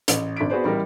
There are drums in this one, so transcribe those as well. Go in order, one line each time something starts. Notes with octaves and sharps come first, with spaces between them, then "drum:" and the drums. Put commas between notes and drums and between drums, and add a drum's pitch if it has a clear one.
A1, drum: hi-hat
G#1 D4 B6 D7
B3 F#4 G#4 B4 C5 D5
A1 G3 E4 A#4